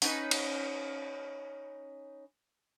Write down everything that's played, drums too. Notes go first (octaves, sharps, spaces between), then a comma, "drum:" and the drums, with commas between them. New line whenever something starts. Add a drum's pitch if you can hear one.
C#4 D#4 B4, drum: open hi-hat
drum: cymbal